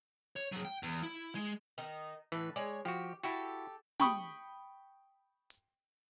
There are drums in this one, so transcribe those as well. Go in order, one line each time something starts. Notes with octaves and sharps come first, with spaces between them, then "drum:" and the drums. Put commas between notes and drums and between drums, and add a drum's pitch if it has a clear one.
C#5
F#3 G#4
G5
E2, drum: open hi-hat
E4
G#3
D#3 D#4
A2 E3 B4
G#3 C#5 D5
F3 F#4 G4
E4 F#4 G4 A4
G5 B5 C#6 D#6, drum: snare
drum: hi-hat